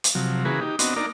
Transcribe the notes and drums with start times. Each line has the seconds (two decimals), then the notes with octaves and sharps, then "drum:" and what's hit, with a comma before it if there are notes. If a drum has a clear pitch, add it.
0.04 drum: hi-hat
0.15 C3 F3 F#3
0.45 C#3 E3 A#3 F#4 G#4 B4
0.61 D#4 G4
0.79 B3 C4 D4 F#4 D#5, drum: hi-hat
0.96 A#3 D4 D#4 A#4 D5